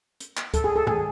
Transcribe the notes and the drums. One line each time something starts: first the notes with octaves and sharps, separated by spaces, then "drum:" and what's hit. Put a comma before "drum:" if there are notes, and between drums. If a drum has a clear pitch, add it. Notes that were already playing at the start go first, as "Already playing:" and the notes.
drum: hi-hat
drum: clap
A4, drum: kick C#2, hi-hat
G#4
A4
G#4, drum: tom G2